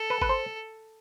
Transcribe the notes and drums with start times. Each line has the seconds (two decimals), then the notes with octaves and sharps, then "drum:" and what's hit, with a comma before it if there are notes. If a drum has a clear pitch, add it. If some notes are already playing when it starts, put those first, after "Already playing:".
Already playing: A4
0.10 B4
0.22 B4, drum: kick G1
0.29 C5